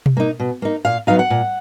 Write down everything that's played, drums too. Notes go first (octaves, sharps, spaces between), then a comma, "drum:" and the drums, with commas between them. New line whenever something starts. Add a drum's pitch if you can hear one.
drum: tom B2
A#3 D#4
B2
A#3 D#4
A#2 F5
F#3 B3 D#4 F5
F#5
A#2